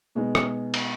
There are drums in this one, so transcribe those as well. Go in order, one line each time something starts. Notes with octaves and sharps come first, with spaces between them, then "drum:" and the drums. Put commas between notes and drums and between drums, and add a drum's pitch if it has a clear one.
B2 G#3 B3 D#4
drum: rim click
drum: cymbal